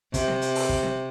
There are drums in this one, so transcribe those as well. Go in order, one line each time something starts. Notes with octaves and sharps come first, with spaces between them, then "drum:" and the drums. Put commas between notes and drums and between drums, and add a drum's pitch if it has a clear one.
C3, drum: kick, hi-hat
drum: snare C4
drum: hi-hat
drum: open hi-hat
drum: kick
drum: snare C4